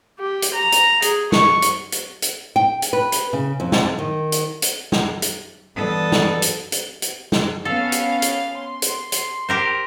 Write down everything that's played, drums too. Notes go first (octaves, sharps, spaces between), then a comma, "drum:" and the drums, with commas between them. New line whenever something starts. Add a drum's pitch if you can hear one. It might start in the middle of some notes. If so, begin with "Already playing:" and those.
G4
drum: hi-hat
A#5
drum: hi-hat
G#4, drum: hi-hat
C#6, drum: snare
drum: hi-hat
drum: hi-hat
drum: hi-hat
G5
drum: hi-hat
B4
drum: hi-hat
C#3
F2
drum: snare
D#3
drum: hi-hat
drum: hi-hat
drum: snare
drum: hi-hat
G2 E3 B3 A4 D5 D#6
drum: snare
drum: hi-hat
drum: hi-hat
drum: hi-hat
drum: snare
B3 C#4 A4 F5
drum: hi-hat
drum: hi-hat
C6
drum: hi-hat
drum: hi-hat
G4 A#4 C5